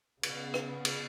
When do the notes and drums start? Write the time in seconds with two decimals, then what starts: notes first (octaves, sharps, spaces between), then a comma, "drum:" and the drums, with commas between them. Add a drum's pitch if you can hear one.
0.23 C#3 B3, drum: cymbal
0.54 drum: rim click
0.85 drum: cymbal